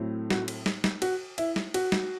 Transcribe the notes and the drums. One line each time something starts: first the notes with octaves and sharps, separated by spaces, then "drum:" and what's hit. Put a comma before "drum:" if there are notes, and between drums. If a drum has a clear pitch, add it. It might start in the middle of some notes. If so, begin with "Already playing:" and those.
Already playing: A2 F#3 A3 C4
F#4, drum: snare
drum: cymbal
drum: snare
drum: snare
F#4, drum: cymbal
E4, drum: cymbal
drum: snare
F#4, drum: cymbal
drum: snare